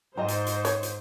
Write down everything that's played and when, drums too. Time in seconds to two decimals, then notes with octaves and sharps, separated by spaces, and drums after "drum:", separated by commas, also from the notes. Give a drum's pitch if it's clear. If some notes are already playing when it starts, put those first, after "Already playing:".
0.17 G#2 C5 D#5 A#5
0.28 drum: hi-hat
0.47 drum: hi-hat
0.65 C#5, drum: hi-hat
0.83 drum: hi-hat